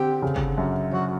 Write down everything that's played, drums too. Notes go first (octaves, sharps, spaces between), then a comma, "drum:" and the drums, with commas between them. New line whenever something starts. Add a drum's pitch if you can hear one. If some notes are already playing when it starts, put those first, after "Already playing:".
Already playing: D3 C4 G4
C#3
drum: kick
F#2
F#3 F#4